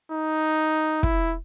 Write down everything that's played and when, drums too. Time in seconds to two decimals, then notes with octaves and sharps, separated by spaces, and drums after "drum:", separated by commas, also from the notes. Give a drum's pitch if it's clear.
0.12 D#4
1.03 E4, drum: kick